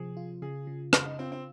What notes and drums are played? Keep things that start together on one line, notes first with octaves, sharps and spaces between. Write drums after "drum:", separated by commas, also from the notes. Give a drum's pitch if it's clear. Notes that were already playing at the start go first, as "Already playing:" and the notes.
Already playing: C3 F3 G#4
F4
C#3 G#4
C#3
C#3 F4, drum: rim click
D#4
C4 F4
C4